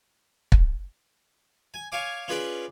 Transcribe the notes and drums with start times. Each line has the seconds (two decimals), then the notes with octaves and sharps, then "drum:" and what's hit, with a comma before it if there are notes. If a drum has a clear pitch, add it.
0.52 drum: kick
1.74 G#5
1.92 C#5 F5 G#5 D6
2.28 C#4 F4 G#4 B4 D5